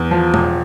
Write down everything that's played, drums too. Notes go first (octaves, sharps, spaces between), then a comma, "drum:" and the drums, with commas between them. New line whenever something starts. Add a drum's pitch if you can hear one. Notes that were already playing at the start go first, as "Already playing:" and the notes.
Already playing: E2
F3
E1, drum: tom